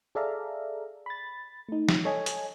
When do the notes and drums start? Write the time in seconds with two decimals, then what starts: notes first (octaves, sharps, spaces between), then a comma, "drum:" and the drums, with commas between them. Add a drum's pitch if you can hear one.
0.15 G#4 A4 D5 E5 F5 A#5
1.06 B5 A6
1.69 A3 D#4
1.89 drum: snare
2.05 A4 C#5 D#5 G#5
2.26 drum: hi-hat